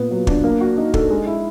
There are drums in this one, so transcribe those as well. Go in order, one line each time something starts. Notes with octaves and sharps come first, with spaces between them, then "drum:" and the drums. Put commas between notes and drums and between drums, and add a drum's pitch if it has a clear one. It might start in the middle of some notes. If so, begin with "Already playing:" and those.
Already playing: A#2 B3
F#3
D4, drum: kick
A#3
F#4
D#4
A4, drum: kick
G#3
E4